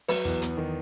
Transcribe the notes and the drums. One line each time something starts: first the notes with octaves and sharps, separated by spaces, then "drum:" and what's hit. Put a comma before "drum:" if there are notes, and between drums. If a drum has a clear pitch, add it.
F#3 B4, drum: open hi-hat
E2
B3, drum: hi-hat
D#3